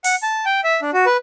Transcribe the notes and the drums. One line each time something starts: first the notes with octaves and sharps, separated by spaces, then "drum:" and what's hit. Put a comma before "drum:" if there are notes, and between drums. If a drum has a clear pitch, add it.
F#5, drum: open hi-hat
A5
G5
E5
D4
F#4
B4